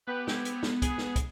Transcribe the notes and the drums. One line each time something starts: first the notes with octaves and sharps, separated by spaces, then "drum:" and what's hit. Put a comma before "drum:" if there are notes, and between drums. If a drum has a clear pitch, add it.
B3 G4 B4
B3 C4 E4 G4, drum: snare
drum: hi-hat
drum: snare
G#4, drum: kick, hi-hat
drum: snare
drum: kick, hi-hat